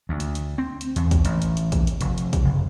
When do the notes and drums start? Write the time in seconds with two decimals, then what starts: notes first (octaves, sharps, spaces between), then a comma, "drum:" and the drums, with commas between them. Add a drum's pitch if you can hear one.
0.09 D2
0.20 drum: hi-hat
0.35 drum: hi-hat
0.58 C4
0.81 drum: hi-hat
0.96 E2, drum: hi-hat
1.11 drum: kick, hi-hat
1.25 A1, drum: hi-hat
1.42 drum: hi-hat
1.57 drum: hi-hat
1.72 drum: kick, hi-hat
1.87 drum: hi-hat
2.01 F1, drum: hi-hat
2.18 drum: hi-hat
2.33 drum: kick, hi-hat
2.44 F#1